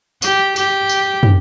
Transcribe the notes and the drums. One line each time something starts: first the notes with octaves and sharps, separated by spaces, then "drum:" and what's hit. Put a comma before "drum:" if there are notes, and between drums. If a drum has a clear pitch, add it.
G4, drum: tambourine
G4, drum: tambourine
drum: tambourine
drum: tom